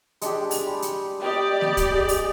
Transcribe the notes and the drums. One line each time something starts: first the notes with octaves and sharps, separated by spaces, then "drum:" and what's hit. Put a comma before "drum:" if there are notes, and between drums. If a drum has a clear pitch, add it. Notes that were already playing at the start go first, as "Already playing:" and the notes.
G#3 D4 G4, drum: hi-hat
drum: open hi-hat
G3
drum: hi-hat
G4 D5 D#5 G5
D#5
drum: snare
drum: kick, hi-hat
G#4
drum: open hi-hat